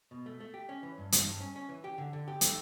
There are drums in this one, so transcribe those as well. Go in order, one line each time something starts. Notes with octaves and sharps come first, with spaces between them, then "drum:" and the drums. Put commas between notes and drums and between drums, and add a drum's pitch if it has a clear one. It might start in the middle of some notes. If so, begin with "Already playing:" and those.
B2
A3
A3
G4
C#4
E3
G2
G2, drum: hi-hat
G2
C#4
C#4
E3
G4
D3
D3
G4
A3, drum: hi-hat